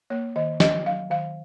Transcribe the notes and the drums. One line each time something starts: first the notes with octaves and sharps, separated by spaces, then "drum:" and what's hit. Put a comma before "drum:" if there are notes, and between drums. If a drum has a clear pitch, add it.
A#3 C#5
D#3 D#5
D#3 D#5, drum: snare
F#3 F5
D#3 F5